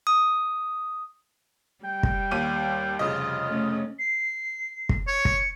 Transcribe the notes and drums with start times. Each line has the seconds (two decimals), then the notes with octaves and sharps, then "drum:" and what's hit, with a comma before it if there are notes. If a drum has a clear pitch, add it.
0.07 D#6
1.85 G3 G5
2.03 drum: kick
2.31 D#2 D#7
2.99 F1 C#3 F4 D#5
3.47 A3 C#4
3.99 C7
4.89 drum: kick
5.08 C#5 C#7
5.25 drum: kick